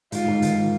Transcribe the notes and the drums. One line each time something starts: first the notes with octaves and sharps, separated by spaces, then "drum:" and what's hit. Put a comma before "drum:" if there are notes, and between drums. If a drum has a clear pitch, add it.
G#2 F4, drum: hi-hat
G#2
D#3, drum: hi-hat